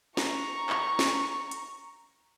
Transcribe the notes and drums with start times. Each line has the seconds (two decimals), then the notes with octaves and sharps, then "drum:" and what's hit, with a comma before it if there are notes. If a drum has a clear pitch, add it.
0.17 A#5 C#6, drum: snare
0.69 drum: clap
0.99 drum: snare
1.51 drum: hi-hat